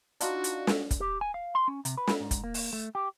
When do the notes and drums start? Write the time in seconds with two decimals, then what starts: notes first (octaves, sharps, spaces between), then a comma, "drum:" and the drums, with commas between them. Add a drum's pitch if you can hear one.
0.21 D4 D#4 F4 F#4, drum: hi-hat
0.44 drum: hi-hat
0.67 drum: snare
0.91 drum: kick, hi-hat
1.00 G4
1.21 G#5
1.34 F5
1.55 C6
1.68 C#4
1.85 C3, drum: hi-hat
1.97 B4
2.07 drum: snare
2.20 G#2
2.31 drum: kick, hi-hat
2.44 A#3
2.54 drum: open hi-hat
2.73 A3
2.95 G4